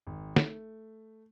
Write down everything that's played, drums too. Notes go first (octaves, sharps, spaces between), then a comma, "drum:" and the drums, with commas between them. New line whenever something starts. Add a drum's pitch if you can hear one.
G#1
A3, drum: snare